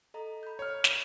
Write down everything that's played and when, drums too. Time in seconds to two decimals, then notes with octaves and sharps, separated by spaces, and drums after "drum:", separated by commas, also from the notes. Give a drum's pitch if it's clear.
0.14 A4 D#5 A#5
0.43 B5 G6
0.59 C#5 F6
0.84 drum: snare